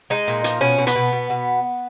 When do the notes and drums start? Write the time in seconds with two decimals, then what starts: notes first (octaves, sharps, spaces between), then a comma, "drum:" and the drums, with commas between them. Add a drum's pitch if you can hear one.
0.10 G#3 D#4
0.28 A#2
0.44 F3, drum: hi-hat
0.61 B2 C#4
0.78 B2
0.87 B3, drum: hi-hat
0.96 B2
1.12 B2
1.30 B2